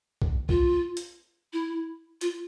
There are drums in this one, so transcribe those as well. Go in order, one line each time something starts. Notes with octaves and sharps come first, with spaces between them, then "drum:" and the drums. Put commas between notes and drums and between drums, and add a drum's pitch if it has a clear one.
drum: kick
F4, drum: kick
drum: hi-hat
E4
F4, drum: hi-hat